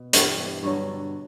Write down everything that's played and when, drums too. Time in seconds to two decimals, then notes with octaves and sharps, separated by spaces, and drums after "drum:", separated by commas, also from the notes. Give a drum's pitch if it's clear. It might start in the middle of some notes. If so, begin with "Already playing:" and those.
Already playing: B2
0.13 G2 E3 G3, drum: hi-hat
0.63 G2 D3 F#3